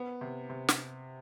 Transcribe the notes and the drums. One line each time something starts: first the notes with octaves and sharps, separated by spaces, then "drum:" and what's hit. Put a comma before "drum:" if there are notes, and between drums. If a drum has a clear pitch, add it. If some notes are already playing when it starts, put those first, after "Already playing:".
Already playing: B3
C3
C3
drum: snare